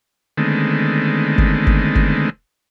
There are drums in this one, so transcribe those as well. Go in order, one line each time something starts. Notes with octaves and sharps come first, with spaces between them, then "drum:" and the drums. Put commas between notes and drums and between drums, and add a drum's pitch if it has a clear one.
D3 D#3 G#3 A3 B3 C4
drum: kick G1
drum: kick G1
drum: kick G1